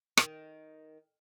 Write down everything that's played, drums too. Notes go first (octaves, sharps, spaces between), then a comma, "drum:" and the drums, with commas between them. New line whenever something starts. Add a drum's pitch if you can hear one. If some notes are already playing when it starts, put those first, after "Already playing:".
D#3, drum: rim click